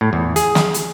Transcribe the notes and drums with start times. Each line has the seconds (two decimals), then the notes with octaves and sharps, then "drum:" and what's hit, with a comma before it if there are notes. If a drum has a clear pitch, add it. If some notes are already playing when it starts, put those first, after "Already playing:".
0.01 A2
0.13 E2
0.36 G#4, drum: hi-hat
0.55 drum: snare
0.74 drum: hi-hat